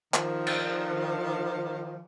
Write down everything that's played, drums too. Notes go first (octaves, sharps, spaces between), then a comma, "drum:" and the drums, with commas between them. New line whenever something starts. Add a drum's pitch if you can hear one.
D#3 F3, drum: clap
drum: cymbal